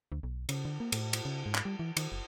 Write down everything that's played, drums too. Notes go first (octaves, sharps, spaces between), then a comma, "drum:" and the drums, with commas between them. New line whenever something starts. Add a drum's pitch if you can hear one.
D2
B1
C#3, drum: cymbal
D3
A#3
A2, drum: cymbal
drum: cymbal
C#3
G#2
drum: clap
G3
E3
D#3, drum: cymbal
F#1